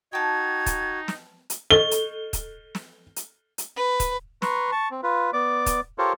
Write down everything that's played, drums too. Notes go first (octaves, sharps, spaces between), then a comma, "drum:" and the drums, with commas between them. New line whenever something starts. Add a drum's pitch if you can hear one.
D#4 F#4 G5 A5 G#6
drum: kick, hi-hat
drum: snare
drum: hi-hat
A4 D#5 C#6 G7
drum: hi-hat
drum: kick, hi-hat
drum: snare
drum: hi-hat
drum: hi-hat
B4
drum: kick, hi-hat
B4 A#5 C6 C#6, drum: snare
A5 C#6
C4
F4 B4
B3 D5 D6
drum: kick, hi-hat
F4 G4 A4 A#4 C5 C#5